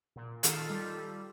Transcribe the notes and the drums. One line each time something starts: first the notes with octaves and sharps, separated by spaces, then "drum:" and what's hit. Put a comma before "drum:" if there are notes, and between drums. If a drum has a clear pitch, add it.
A#2
D#3 F4 A4, drum: hi-hat
G3
G3